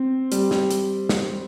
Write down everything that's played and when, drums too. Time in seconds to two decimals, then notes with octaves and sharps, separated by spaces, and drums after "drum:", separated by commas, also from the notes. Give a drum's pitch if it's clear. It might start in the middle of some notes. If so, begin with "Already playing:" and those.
Already playing: C4
0.32 G3, drum: hi-hat
0.51 drum: snare
0.71 drum: hi-hat
1.09 drum: snare